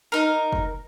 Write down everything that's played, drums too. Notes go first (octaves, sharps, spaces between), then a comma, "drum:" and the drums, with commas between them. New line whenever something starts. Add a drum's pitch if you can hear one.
D#4 A#4
drum: kick